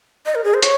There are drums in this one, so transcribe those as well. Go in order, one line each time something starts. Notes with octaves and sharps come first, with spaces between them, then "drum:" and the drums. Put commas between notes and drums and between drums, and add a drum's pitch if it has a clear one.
D#5
A#4
G#4
C5
C#5, drum: hi-hat